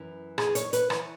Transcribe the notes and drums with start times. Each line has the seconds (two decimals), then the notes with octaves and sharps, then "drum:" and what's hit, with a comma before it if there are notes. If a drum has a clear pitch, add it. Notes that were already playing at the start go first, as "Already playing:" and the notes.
Already playing: F#2 E3
0.38 G#4, drum: rim click
0.55 C#5, drum: hi-hat
0.73 B4, drum: hi-hat
0.90 E3 C#5, drum: rim click